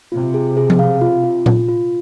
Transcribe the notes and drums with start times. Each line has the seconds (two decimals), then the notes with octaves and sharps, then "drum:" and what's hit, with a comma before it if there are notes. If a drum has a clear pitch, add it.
0.11 C3 F4
0.34 G#4
0.57 G#4
0.70 drum: tom F3
0.79 F5
1.01 F4
1.24 F4
1.46 F4, drum: tom A#2
1.69 F4